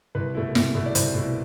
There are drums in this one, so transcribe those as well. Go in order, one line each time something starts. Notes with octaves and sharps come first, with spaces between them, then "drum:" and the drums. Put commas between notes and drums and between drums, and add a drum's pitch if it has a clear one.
C2 B4
B2 A3 E4
C2, drum: snare
B2 A3 E4
D5
C2 C5, drum: hi-hat
B2 A3 E4